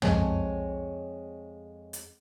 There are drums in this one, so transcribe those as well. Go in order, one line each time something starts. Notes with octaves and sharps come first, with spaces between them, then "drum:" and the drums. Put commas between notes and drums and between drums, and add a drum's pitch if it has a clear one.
F2 G#3 C#5 D#5 G#5, drum: tom
drum: hi-hat